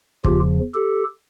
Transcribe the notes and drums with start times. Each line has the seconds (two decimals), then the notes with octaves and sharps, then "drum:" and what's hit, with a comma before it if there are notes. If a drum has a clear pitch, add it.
0.25 E2 C#3 F3 F4 G4, drum: kick
0.74 G4 A4